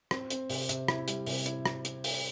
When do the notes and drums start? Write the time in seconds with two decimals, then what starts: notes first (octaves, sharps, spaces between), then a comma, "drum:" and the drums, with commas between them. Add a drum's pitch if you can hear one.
0.11 C4, drum: rim click
0.30 C4, drum: hi-hat
0.50 C3, drum: open hi-hat
0.69 C3, drum: hi-hat
0.88 E4, drum: rim click
1.08 G3, drum: hi-hat
1.26 C3, drum: open hi-hat
1.46 E4, drum: hi-hat
1.66 drum: rim click
1.85 drum: hi-hat
2.04 drum: open hi-hat